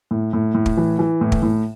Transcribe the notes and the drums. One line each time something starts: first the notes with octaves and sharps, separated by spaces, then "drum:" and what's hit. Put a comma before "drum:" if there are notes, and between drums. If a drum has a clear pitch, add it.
A2
A2
A2
drum: kick
E3
E3
A2
drum: kick
A2